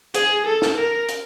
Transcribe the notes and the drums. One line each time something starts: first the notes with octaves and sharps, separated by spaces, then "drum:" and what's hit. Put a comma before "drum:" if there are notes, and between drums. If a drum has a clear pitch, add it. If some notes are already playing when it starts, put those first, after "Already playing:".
G#4, drum: hi-hat
A4
drum: snare
A#4
drum: hi-hat